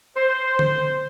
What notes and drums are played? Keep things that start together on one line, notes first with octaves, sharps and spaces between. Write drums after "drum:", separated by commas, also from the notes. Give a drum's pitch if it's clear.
C5
drum: tom D3